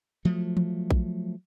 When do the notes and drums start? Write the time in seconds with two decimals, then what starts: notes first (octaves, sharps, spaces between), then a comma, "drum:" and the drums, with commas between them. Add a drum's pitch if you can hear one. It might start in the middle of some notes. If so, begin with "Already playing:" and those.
0.25 F3 F#3 A3
0.57 drum: tom E3
0.91 drum: kick A#1